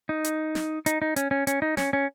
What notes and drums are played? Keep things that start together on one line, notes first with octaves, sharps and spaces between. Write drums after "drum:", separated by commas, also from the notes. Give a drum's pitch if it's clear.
D#4
drum: hi-hat
drum: snare
D#4, drum: hi-hat
D#4
C#4, drum: hi-hat
C#4
C#4, drum: hi-hat
D#4
C#4, drum: snare
C#4